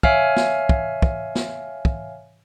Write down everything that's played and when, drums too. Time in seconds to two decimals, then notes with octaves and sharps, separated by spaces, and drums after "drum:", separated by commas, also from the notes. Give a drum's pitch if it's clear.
0.03 C#5 E5 F5 G#5 F6, drum: kick
0.36 drum: snare
0.69 drum: kick
1.02 drum: kick
1.35 drum: snare
1.85 drum: kick